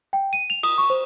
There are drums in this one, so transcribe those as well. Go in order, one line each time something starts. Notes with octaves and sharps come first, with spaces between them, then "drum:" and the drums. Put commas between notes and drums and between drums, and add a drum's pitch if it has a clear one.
G5
D#7
F7
D#6, drum: cymbal
C#6
C5